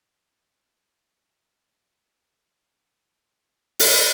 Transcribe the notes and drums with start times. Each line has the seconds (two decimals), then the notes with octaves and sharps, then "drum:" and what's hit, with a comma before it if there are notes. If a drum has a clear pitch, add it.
0.23 B3
0.40 E3
0.55 D4
0.70 D4
0.85 D4
1.01 E3
1.16 F#4
1.31 E3
1.47 D4
1.61 A3
1.76 A3
1.92 A2
2.07 E3
2.22 E3
3.79 drum: open hi-hat